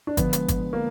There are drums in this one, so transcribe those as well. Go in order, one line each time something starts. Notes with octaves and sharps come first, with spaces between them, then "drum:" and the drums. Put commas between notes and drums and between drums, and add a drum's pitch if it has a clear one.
D4
D3 F3 G#3 B3, drum: kick G1, hi-hat
drum: hi-hat
drum: kick G1, hi-hat
A#3